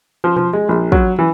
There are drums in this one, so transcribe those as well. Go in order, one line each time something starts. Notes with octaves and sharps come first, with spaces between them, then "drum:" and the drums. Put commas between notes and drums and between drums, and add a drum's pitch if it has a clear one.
F3
F3, drum: tom B2
G#3
A#1
F#3, drum: kick
E3